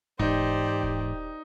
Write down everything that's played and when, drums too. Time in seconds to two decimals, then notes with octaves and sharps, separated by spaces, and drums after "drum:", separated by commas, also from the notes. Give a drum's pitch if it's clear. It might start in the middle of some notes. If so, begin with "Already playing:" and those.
0.19 G#2 E3 D#4 G4 C5 D5, drum: kick D#1
0.83 drum: kick D#1